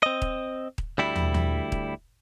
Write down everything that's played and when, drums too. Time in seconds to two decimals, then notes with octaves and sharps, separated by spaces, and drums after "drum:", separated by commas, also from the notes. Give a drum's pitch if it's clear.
0.03 C4 D#5
0.22 drum: kick D#1
0.78 drum: kick D#1
0.98 D2 G3 E4
1.16 drum: tom
1.34 drum: tom
1.72 drum: kick D#1